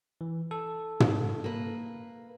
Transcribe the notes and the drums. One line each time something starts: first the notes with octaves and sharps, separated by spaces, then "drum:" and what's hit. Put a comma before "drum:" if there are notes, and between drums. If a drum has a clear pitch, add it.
E3
A4
drum: tom
A#3 B4